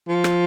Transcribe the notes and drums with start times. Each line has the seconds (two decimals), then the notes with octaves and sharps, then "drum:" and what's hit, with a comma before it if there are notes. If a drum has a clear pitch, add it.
0.08 F3
0.24 drum: rim click